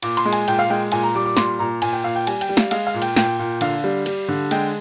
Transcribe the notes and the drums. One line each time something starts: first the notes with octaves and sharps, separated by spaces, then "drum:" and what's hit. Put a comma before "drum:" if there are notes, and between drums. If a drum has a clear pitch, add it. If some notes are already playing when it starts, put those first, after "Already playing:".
A#2 D6, drum: cymbal
C6, drum: cymbal
G#3
G#5, drum: cymbal
A#2 G5, drum: cymbal
F5
G#3 G5
A#2 G#5, drum: cymbal
A#5
G3 D6
D6
A#2 C6, drum: snare
A#2 A#5
A#2 G#5, drum: cymbal
G5
A#2 F5
G5
G3 G#5, drum: cymbal
G5, drum: cymbal
G3
F5, drum: snare
G#3 F5, drum: cymbal
F5
A#2
G5, drum: cymbal
A#2 G5, drum: snare
A#2
D3 F5, drum: cymbal
G3
G3, drum: cymbal
D3
G#3 G5, drum: cymbal